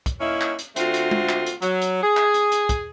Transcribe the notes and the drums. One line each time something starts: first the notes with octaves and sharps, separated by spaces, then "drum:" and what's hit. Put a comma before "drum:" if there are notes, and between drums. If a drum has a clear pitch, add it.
drum: kick, hi-hat
A#3 C#4 D#4 E4
drum: clap
drum: hi-hat
D3 A3 C4 F4 F#4, drum: hi-hat
drum: hi-hat
drum: tom G#3
drum: clap
drum: hi-hat
F#3, drum: hi-hat
drum: hi-hat
G#4
drum: clap
drum: hi-hat
drum: hi-hat
drum: kick, hi-hat